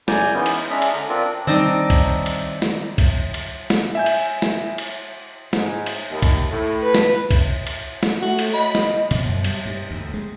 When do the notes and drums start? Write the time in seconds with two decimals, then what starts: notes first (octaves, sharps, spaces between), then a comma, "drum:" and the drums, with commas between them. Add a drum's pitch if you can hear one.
0.08 F#2 C#3 D5 G#5 A#5 G6, drum: snare
0.34 E3 G#3 B3 C#4 D#4 E4
0.46 drum: cymbal
0.70 G#3 C#4 D4 G#4 E5 A#5
0.82 drum: cymbal
0.94 D3 A#5
1.09 C4 D4 F4 A#4
1.47 D#3 G3 C4 D4 D#4
1.90 drum: kick B1, cymbal
2.26 drum: cymbal
2.62 drum: snare
2.98 drum: kick B1, cymbal
3.34 drum: cymbal
3.70 drum: snare
3.95 E5 G#5 G6
4.06 drum: cymbal
4.42 drum: snare
4.78 drum: cymbal
5.53 G#2, drum: snare
5.86 drum: cymbal
6.11 D#2
6.22 drum: kick B1, cymbal
6.51 A2
6.83 B4
6.95 drum: snare
7.31 drum: kick B1, cymbal
7.67 drum: cymbal
8.03 drum: snare
8.22 A3 F#4
8.39 drum: cymbal
8.54 D#5 B5
8.75 drum: snare
9.11 B2, drum: cymbal
9.25 F#2
9.44 G3, drum: cymbal
9.66 G2
9.91 D2
10.14 G#3